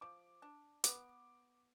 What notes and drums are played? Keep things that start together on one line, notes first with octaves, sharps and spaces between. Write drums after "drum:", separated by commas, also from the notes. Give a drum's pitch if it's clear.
F3 D6
D4
B3 D6, drum: hi-hat